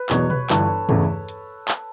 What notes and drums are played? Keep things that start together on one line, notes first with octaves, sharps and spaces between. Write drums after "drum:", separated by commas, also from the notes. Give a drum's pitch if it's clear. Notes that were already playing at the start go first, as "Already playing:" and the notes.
Already playing: B4
E2 B2 F#3 B3 C#5, drum: clap
B4, drum: tom B2
G1 G2 E3 A4, drum: clap
E2 C#3 E3 A3 E4, drum: tom G2
drum: hi-hat
drum: clap